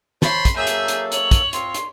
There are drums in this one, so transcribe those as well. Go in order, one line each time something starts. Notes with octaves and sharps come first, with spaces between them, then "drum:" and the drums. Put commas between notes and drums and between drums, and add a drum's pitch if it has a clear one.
C5 C#5 A5 B5 C6, drum: snare
drum: kick, hi-hat
F#3 A#3 G#4 A4 E5 G6
drum: hi-hat
drum: hi-hat
C#5 F#7, drum: hi-hat
drum: kick, hi-hat
C4 F4 C6, drum: hi-hat
drum: hi-hat